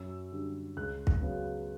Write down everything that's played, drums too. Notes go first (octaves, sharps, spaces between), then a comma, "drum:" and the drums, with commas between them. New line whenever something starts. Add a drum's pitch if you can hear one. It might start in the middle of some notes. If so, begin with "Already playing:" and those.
Already playing: F#2 E6
D3 G3
C#2 F#6
drum: kick
C#3 F#3 B3